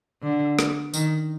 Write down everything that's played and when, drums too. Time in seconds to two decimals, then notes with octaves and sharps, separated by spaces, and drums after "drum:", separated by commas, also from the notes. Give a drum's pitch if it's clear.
0.23 D3
0.59 drum: rim click
0.94 D#3, drum: tambourine